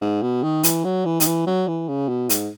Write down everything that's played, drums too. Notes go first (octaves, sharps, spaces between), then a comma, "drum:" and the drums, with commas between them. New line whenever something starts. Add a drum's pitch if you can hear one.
G#2
B2
D#3
E3, drum: hi-hat
F#3
E3
D#3, drum: hi-hat
E3
F#3
E3
C#3
B2
G#2, drum: hi-hat